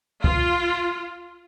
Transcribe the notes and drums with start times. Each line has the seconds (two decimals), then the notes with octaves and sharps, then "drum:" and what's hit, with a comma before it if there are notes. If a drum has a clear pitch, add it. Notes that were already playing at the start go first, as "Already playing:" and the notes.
0.24 F4, drum: kick